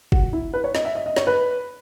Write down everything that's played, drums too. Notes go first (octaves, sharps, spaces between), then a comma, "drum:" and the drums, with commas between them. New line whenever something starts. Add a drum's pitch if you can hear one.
F#4, drum: kick
E4
B4
C#5
D#5, drum: snare
E5
D#5
D#5
C#5, drum: snare
B4